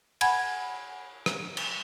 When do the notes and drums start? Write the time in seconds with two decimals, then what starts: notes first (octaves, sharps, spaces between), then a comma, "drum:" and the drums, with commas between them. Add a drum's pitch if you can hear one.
0.21 F#5 G#5 B5 G#6, drum: cymbal
1.26 drum: rim click
1.57 drum: cymbal